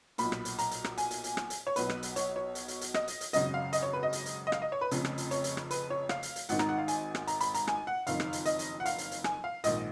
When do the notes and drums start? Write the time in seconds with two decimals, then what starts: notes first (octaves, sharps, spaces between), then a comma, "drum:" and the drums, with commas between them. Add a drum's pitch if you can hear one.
0.18 B1 A#2 B5, drum: hi-hat
0.32 drum: rim click
0.45 drum: hi-hat
0.59 A#5, drum: hi-hat
0.71 drum: hi-hat
0.84 drum: rim click
0.98 G#5, drum: hi-hat
1.11 drum: hi-hat
1.24 drum: hi-hat
1.37 drum: rim click
1.50 drum: hi-hat
1.67 C#5
1.76 B1 B2 B4, drum: hi-hat
1.89 drum: rim click
2.03 drum: hi-hat
2.16 C#5, drum: hi-hat
2.36 C#5
2.55 drum: hi-hat
2.68 drum: hi-hat
2.81 drum: hi-hat
2.94 D#5, drum: rim click
3.08 drum: hi-hat
3.21 drum: hi-hat
3.33 G#1 F#2 C#3 D#5, drum: hi-hat
3.54 F5
3.73 D#5, drum: hi-hat
3.83 C#5
3.93 B4
4.03 D#5
4.13 drum: hi-hat
4.26 drum: hi-hat
4.47 D#5
4.52 F5, drum: rim click
4.62 D#5
4.72 C#5
4.81 B4
4.91 F1 F2 C#3, drum: hi-hat
5.05 drum: rim click
5.18 drum: hi-hat
5.31 C#5, drum: hi-hat
5.44 drum: hi-hat
5.57 drum: rim click
5.71 B4, drum: hi-hat
5.90 C#5
6.09 F5, drum: rim click
6.23 drum: hi-hat
6.36 drum: hi-hat
6.49 G#1 G#2 D#3 F#5, drum: hi-hat
6.59 A#5, drum: rim click
6.69 F#5
6.78 F5
6.88 G#5, drum: hi-hat
7.15 drum: rim click
7.27 A#5, drum: hi-hat
7.41 B5, drum: hi-hat
7.54 A#5, drum: hi-hat
7.67 G#5, drum: rim click
7.87 F#5
8.07 F#1 F2 D#3 F5, drum: hi-hat
8.20 drum: rim click
8.33 drum: hi-hat
8.45 D#5, drum: hi-hat
8.59 drum: hi-hat
8.80 F#5
8.86 F5, drum: hi-hat
8.98 drum: hi-hat
9.12 drum: hi-hat
9.24 G#5, drum: rim click
9.44 F5
9.64 A#1 G#2 D#3 D#5, drum: hi-hat